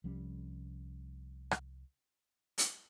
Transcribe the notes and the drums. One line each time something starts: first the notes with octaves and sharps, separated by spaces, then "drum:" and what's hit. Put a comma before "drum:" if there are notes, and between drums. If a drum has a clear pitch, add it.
C2 F3 G3 C#4
drum: rim click
drum: hi-hat